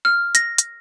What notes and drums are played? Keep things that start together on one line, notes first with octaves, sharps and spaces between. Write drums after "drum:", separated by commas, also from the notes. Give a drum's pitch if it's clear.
F6
A#6, drum: hi-hat
drum: hi-hat